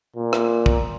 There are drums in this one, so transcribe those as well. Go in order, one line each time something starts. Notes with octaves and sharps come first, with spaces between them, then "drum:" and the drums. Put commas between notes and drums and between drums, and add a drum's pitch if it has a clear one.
A#2
drum: rim click
drum: kick